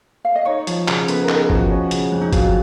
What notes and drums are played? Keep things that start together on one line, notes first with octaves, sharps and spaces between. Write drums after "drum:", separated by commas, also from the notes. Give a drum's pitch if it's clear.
F5
D#5
D#4 C#5
F3, drum: hi-hat
C#3, drum: clap
B3 B4, drum: hi-hat
A#4
D#4, drum: clap
A#4
G#4
F3, drum: kick G1
F#4
C#4
C#3, drum: hi-hat
F2
D#4
F#3 F4, drum: kick G1, hi-hat